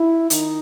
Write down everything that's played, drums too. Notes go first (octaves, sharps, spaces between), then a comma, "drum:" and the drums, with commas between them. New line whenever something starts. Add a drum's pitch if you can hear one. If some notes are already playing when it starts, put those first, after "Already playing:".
Already playing: E4
D#3 D#4, drum: hi-hat